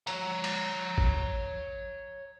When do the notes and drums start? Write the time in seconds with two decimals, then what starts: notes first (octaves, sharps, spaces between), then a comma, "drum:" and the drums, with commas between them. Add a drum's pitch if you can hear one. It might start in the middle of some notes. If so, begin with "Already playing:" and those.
0.07 C#5 A#5, drum: hi-hat
0.44 drum: cymbal
0.98 drum: kick A1